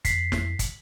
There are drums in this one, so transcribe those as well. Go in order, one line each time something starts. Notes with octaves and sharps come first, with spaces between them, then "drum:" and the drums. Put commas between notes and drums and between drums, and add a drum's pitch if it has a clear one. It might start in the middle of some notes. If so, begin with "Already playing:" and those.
F2 B6 C7, drum: kick, hi-hat
drum: snare
drum: kick, hi-hat